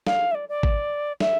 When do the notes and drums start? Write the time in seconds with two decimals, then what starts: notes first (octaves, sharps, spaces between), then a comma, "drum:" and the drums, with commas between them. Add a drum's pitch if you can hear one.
0.07 F5, drum: snare
0.31 E5
0.34 D5
0.49 D5
0.63 drum: kick G#1
1.20 E5, drum: snare